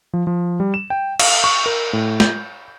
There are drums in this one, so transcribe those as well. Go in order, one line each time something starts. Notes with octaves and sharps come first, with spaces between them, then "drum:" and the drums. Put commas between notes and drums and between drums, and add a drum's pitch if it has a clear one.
F3
F3
G3
E7
G5
F5, drum: cymbal
C#6
A#4
A2
G6, drum: snare